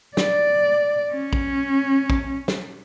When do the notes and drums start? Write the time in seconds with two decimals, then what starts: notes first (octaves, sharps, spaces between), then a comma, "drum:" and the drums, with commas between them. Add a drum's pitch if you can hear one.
0.17 D5, drum: snare
1.13 C#4
1.33 drum: kick A#1
2.10 drum: kick A#1
2.48 drum: snare